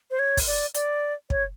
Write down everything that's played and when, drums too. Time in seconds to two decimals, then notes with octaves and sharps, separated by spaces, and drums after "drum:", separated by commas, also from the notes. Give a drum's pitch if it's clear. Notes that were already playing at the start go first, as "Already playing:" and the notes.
0.11 C5
0.19 C#5
0.37 drum: kick, open hi-hat
0.47 D5
0.75 D5, drum: hi-hat
1.30 C#5, drum: kick